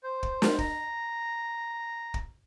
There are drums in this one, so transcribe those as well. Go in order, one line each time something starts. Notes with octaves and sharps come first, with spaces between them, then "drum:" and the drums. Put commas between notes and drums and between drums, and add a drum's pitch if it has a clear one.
C5
drum: kick
drum: snare
A#5, drum: kick
drum: kick